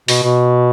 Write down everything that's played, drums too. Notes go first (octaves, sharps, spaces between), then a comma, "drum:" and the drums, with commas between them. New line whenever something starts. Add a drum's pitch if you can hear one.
B2, drum: open hi-hat
B2